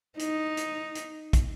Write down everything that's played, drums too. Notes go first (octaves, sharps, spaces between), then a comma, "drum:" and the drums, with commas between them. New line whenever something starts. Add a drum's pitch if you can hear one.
D#4, drum: hi-hat
drum: hi-hat
drum: hi-hat
drum: kick, hi-hat